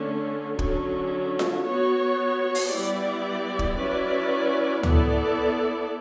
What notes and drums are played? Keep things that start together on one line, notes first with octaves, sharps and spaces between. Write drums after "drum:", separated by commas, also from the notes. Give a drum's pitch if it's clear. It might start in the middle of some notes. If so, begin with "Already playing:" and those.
Already playing: D3 A3 C#4
D3 F#3 C#4, drum: kick
drum: snare F4
B3 F#4 C#5
drum: open hi-hat
G3 B3 E4 G4 D5
drum: kick
F#3 C#4 E4 B4 D5
B3 E4 A4 D5, drum: tom D2